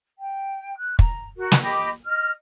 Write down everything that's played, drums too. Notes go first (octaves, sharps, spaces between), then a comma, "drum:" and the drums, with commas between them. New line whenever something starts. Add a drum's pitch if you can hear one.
G5
F#6
A#5, drum: kick
F#4 A#4
drum: snare
G4 D#5 B5 D6
D#5 F6